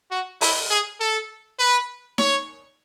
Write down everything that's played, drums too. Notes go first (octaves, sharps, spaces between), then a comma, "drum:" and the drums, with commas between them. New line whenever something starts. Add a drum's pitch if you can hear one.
F#4
E4, drum: open hi-hat
G#4
A4
B4
C#5, drum: snare D#4